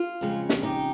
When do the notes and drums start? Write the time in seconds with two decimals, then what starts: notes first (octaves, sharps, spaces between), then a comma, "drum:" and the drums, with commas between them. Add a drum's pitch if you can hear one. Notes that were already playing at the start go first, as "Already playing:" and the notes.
Already playing: F4
0.21 F2 C#3 G#3 C#4
0.49 drum: snare
0.63 D#4 G4